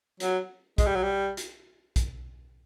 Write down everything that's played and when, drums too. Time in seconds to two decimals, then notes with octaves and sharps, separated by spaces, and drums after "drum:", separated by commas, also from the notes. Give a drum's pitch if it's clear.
0.20 F#3, drum: hi-hat
0.78 G#3, drum: kick, hi-hat
0.86 G3
0.95 F#3
1.03 G3
1.37 drum: hi-hat
1.96 drum: kick, hi-hat